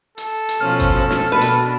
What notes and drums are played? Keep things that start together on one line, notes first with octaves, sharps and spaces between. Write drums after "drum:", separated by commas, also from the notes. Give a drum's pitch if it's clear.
A4, drum: hi-hat
drum: hi-hat
B2 F3 C#4 F6
drum: kick G1, hi-hat
drum: snare
B2 D4 B4
drum: hi-hat